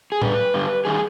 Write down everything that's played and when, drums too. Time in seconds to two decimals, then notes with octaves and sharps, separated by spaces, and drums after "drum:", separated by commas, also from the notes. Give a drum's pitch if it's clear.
0.12 G#4
0.22 G2 D3 G3 B4, drum: tom A2
0.54 G2 D3 G3
0.85 D#3 G3 G#4